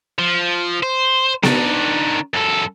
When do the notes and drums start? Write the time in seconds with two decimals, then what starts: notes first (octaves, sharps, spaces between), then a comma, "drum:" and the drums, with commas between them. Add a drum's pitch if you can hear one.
0.19 F3
0.83 C5
1.43 D#3 D4, drum: snare B3
2.34 F#2 A4